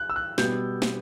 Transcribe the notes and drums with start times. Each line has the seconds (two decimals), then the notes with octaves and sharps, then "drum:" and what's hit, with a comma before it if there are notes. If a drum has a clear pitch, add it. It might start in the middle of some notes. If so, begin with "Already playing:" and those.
Already playing: F#6
0.10 E6
0.16 F#6
0.38 B2 G3 B3 G6, drum: snare
0.82 drum: snare